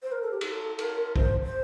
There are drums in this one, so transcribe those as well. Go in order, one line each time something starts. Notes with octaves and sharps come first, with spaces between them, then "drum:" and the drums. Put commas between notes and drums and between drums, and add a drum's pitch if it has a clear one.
C5
A#4
A4
G4
A4, drum: cymbal
A#4, drum: cymbal
C5, drum: kick
C5